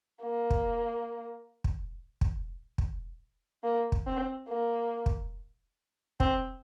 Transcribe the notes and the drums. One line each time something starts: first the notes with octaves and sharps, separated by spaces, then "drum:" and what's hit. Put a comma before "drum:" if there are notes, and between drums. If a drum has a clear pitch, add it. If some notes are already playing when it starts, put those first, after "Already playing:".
A#3
drum: kick
drum: kick
drum: kick
drum: kick
A#3
drum: kick
C4
A#3
drum: kick
C4, drum: kick